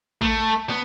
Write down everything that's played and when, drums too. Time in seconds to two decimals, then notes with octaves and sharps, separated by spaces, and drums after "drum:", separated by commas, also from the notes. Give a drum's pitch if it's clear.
0.22 A3, drum: kick A1
0.70 B3